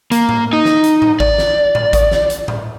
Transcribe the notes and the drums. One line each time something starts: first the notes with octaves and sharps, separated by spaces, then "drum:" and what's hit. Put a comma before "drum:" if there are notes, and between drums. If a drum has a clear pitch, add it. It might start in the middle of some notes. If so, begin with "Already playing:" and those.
A#3, drum: hi-hat
drum: tom A2
D#4
drum: snare
drum: hi-hat
drum: tom A2
D5, drum: kick G#1
drum: snare
drum: tom A2
drum: kick G#1, hi-hat
drum: snare
drum: hi-hat
drum: tom A2